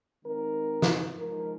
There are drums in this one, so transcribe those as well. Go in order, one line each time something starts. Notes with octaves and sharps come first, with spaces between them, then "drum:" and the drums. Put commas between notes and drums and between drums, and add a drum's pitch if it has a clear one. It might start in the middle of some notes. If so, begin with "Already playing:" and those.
D#3 G#3 C4 D#4 A#4
drum: snare
F3 G#3 D#4 A#4